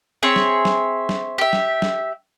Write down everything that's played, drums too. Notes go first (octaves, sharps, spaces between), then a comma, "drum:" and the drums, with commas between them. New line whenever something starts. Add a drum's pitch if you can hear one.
C4 G#4 C#5 E5
drum: snare
drum: snare
drum: snare
G4 E5
drum: snare
drum: snare